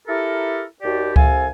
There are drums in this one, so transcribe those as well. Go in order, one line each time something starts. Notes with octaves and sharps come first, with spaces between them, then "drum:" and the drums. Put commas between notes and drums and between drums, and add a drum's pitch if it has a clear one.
E4 G4 A4 A#4
D#2 F#4 G4 D5
C2 C3 A4 F5 G#5, drum: kick C#2